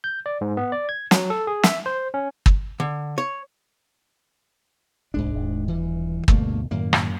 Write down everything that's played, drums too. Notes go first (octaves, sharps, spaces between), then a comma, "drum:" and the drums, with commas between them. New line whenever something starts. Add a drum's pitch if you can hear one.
G6
D5
G#2
B3
D5
G#6
F#3, drum: snare
A4
G#4
E5, drum: snare
C5
C#4
drum: kick
D3
C#5
D1 C2 G#2 G#3 D4
D#1
G2 E3
D2 G2 B2 A3 A#3, drum: kick
F#2 A2 D#3 A#3
drum: rim click